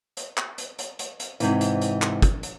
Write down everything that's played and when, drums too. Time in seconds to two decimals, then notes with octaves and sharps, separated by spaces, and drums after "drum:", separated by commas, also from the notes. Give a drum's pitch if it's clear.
0.17 drum: hi-hat
0.37 drum: clap
0.58 drum: hi-hat
0.79 drum: hi-hat
0.99 drum: hi-hat
1.20 drum: hi-hat
1.40 G#2 C3 E3, drum: hi-hat
1.61 drum: hi-hat
1.81 drum: hi-hat
2.02 drum: clap
2.22 drum: kick, hi-hat
2.43 drum: hi-hat